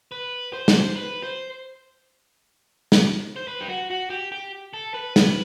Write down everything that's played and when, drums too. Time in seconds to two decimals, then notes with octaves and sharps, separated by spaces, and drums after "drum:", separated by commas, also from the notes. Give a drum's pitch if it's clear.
0.12 B4
0.53 C5
0.68 drum: snare
0.96 B4
1.24 C5
2.92 drum: snare
3.36 C5
3.48 B4
3.61 G4
3.69 F#4
3.90 F#4
4.10 G4
4.32 G4
4.74 A4
4.94 B4
5.16 B4, drum: snare